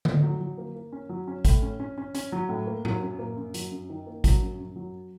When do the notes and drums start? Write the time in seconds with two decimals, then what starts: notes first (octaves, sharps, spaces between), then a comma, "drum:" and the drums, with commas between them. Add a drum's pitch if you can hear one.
0.05 A2, drum: tom D3
0.23 F#3
0.40 F#3
0.58 A#3
0.75 A#3
0.92 C#4
1.09 F#3
1.28 C#4
1.45 A2, drum: kick G#1, hi-hat
1.62 C#4
1.80 C#4
1.98 C#4
2.15 C#4, drum: hi-hat
2.32 F#3
2.49 A2
2.67 A#3
2.85 F#3, drum: tom A2
3.02 F#2
3.19 A#3
3.37 F#2
3.54 F#3, drum: hi-hat
3.71 F#2
3.89 D#3
4.06 A#3
4.24 F#3, drum: kick G#1, hi-hat
4.42 F#2
4.59 F#2
4.76 F#3